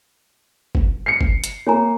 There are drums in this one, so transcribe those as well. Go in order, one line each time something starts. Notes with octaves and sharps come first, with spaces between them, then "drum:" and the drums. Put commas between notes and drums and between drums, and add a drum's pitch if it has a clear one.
drum: kick
C7 C#7
drum: kick
drum: hi-hat
A#3 C#5 G#5 A#5